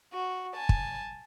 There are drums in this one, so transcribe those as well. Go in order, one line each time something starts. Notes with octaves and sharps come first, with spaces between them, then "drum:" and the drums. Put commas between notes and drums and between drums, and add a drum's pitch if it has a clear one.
F#4
G#5 A5
drum: kick